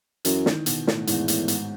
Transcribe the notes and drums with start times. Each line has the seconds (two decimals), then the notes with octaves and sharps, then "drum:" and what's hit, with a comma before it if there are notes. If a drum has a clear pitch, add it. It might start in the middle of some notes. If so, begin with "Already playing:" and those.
0.25 F#2 E3, drum: hi-hat
0.46 D#3, drum: snare
0.66 B2, drum: hi-hat
0.87 A2, drum: snare
1.07 E2 G#2, drum: hi-hat
1.28 A2, drum: hi-hat
1.48 G#2, drum: hi-hat